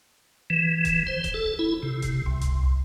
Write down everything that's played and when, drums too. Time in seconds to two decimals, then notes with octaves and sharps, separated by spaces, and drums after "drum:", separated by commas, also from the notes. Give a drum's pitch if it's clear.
0.50 E3
0.85 drum: kick D#1, hi-hat
1.07 C5
1.24 drum: kick D#1, hi-hat
1.34 A4
1.59 E4
1.83 C3
2.02 drum: kick D#1, hi-hat
2.26 C2
2.41 drum: kick D#1, hi-hat